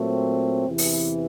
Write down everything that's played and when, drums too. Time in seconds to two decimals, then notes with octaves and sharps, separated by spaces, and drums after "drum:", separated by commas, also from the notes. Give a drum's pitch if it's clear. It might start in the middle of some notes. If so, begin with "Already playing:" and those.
Already playing: A#2 F#3 A3 C4
0.66 E2 C3 E3
0.78 drum: open hi-hat